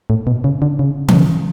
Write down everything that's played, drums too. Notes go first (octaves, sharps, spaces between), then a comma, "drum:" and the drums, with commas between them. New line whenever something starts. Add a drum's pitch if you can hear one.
A2
B2
C#3
D3
C#3
B2, drum: tom E3
C#3